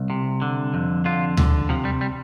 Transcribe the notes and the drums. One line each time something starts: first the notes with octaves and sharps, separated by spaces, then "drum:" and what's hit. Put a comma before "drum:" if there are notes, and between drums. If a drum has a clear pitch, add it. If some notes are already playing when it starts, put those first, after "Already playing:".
Already playing: C2
C3
D3
F2
D3 F4
D3, drum: tom D2
C3 F3
G3
G3